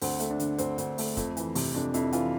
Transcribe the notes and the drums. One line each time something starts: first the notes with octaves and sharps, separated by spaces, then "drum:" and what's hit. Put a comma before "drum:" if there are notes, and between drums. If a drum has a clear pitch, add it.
D2 C4, drum: open hi-hat
A3, drum: hi-hat
D4
D3, drum: hi-hat
D2 C4, drum: hi-hat
D2, drum: hi-hat
A3, drum: open hi-hat
F2, drum: kick, hi-hat
E3, drum: hi-hat
C3, drum: open hi-hat
F2 D4
F2 E4, drum: hi-hat
E3 F4, drum: hi-hat